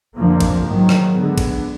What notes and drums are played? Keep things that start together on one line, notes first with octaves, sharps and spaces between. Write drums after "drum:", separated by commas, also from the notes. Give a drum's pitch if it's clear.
F2 D3 F3 A#3
drum: kick A1, cymbal
G#2 D#3 F#3
drum: rim click
D3 G#3 B3
drum: kick A1, cymbal